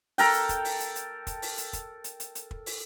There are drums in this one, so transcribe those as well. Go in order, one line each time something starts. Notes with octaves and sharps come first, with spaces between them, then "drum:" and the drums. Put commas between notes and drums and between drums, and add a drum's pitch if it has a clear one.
A4 A#4 G5, drum: open hi-hat
drum: hi-hat
drum: kick, hi-hat
drum: open hi-hat
drum: hi-hat
drum: hi-hat
drum: kick, hi-hat
drum: open hi-hat
drum: hi-hat
drum: kick, hi-hat
drum: hi-hat
drum: hi-hat
drum: hi-hat
drum: kick
drum: open hi-hat